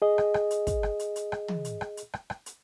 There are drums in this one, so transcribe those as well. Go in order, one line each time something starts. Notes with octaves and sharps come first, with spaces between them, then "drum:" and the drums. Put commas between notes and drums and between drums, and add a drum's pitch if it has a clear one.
G#4 D#5
drum: rim click
drum: rim click
drum: hi-hat
drum: kick, hi-hat
drum: rim click
drum: hi-hat
drum: hi-hat
drum: rim click
drum: tom
drum: hi-hat
drum: rim click
drum: hi-hat
drum: rim click
drum: rim click
drum: hi-hat